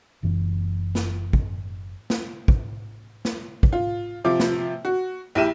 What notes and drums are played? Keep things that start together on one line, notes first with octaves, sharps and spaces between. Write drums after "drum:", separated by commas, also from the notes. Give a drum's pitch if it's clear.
F#1 F#2 E3
drum: snare
drum: kick
drum: snare
drum: kick
drum: snare
drum: kick
F4
C3 F3 F4 D6
drum: snare
F#4
A#1 E4 G4 D#7 E7